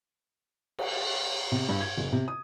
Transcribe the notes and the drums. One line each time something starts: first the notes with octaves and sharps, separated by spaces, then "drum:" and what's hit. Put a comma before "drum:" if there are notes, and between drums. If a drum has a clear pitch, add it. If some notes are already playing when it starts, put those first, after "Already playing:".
drum: cymbal
C3
G2
G#6
F#1
C3
D#6